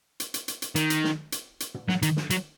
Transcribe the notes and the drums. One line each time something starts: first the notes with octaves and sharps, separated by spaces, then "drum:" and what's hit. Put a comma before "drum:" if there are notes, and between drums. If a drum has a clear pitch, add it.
drum: hi-hat
drum: hi-hat
drum: hi-hat
drum: hi-hat
D#3, drum: hi-hat
drum: hi-hat
drum: snare
drum: hi-hat
drum: hi-hat
drum: tom
F#3, drum: snare
D#3, drum: hi-hat
drum: snare
F#3, drum: hi-hat